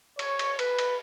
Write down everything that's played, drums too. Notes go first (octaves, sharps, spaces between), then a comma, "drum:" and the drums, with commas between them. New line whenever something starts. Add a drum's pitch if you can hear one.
C#5, drum: cymbal
drum: cymbal
B4, drum: cymbal
drum: cymbal